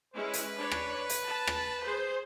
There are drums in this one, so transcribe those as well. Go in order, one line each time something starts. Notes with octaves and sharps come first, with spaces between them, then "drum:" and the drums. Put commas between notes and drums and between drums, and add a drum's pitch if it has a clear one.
G#3 C#4 E4 B4
drum: hi-hat
D4 C#5
drum: rim click
drum: hi-hat
A5
drum: rim click
G#4 C5